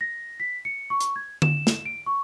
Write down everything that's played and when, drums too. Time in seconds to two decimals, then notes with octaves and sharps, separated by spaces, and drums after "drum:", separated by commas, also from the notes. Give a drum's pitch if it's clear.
0.01 A#6
0.40 B6
0.65 C#7
0.90 C#6
1.01 drum: hi-hat
1.16 G#6
1.42 E7, drum: tom D3
1.67 drum: snare
1.85 D7
2.06 C#6